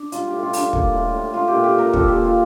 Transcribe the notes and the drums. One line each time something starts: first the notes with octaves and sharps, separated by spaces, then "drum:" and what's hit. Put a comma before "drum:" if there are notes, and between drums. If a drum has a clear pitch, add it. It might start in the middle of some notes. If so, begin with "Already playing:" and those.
Already playing: D4
G3 F4, drum: hi-hat
G4
A2
F4
G3 D4, drum: open hi-hat
A#3, drum: kick
A2
A2
A3 F4
G4
A#2
G4
A#2 A#4
F3 A4, drum: kick
G4
A#2
F4